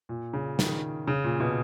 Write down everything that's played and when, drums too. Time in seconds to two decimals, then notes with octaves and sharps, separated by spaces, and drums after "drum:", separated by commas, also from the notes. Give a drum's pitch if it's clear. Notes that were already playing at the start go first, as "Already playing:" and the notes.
0.09 A#2
0.33 C#3
0.59 D#3, drum: snare
1.08 C#3
1.24 A#2
1.40 B2